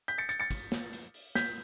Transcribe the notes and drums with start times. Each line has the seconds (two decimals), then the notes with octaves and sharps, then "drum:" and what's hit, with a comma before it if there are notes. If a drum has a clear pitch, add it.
0.08 G6 B6, drum: hi-hat
0.18 A6 C#7
0.29 A6 C#7, drum: hi-hat
0.40 A6 C#7
0.51 drum: kick, hi-hat
0.72 drum: snare
0.93 drum: hi-hat
1.14 drum: open hi-hat
1.35 G6 B6, drum: snare